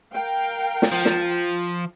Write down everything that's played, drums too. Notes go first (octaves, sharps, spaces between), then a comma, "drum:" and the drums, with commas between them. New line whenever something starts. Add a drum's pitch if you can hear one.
A#4 F5 G5
drum: snare
F3
drum: snare